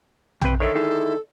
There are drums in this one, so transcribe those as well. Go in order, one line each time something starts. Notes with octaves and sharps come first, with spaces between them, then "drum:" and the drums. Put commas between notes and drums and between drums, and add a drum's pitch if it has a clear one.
C#3 C4 B4 G5, drum: tom A#1
D3 D#3 A4 C#5 D5 E5
D#4 E4 G#4